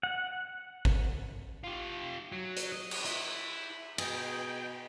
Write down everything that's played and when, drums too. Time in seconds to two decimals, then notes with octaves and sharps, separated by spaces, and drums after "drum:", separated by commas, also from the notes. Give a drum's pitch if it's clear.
0.03 F#5
0.85 drum: kick G#1
1.64 F4 G4
2.32 F#3
2.56 drum: hi-hat
2.72 D#5
2.91 drum: cymbal
3.05 E4, drum: hi-hat
3.98 B2 G#4 D#5 G5, drum: cymbal